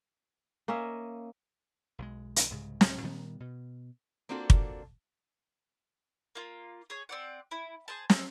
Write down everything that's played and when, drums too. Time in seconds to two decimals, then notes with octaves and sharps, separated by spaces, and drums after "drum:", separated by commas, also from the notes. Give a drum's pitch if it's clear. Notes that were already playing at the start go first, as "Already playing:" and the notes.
0.68 A#3 C#4 D#5 E5
1.98 B1 F3 G#3
2.36 drum: hi-hat
2.50 C2 G#2 C#3
2.81 drum: snare
3.03 A#2 D#3 G3 B3
3.40 B2
4.29 A#3 C4 D4 F4 F#4 A4
4.50 drum: kick
6.35 A#3 F4
6.90 G#4 C#5
7.09 C4 D5 F#5
7.51 E4
7.88 G#4 C5 A5
8.10 C4, drum: snare